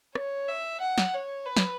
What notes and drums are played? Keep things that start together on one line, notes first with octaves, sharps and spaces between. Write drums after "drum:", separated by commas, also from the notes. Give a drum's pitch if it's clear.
C#5, drum: rim click
E5
F#5
drum: snare
C#5
B4
drum: snare